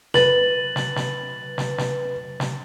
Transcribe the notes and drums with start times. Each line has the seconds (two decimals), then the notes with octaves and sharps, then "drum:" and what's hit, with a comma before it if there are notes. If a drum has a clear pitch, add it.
0.14 B4 A6 F#7, drum: snare
0.76 drum: snare
0.96 drum: snare
1.58 drum: snare
1.78 drum: snare
2.40 drum: snare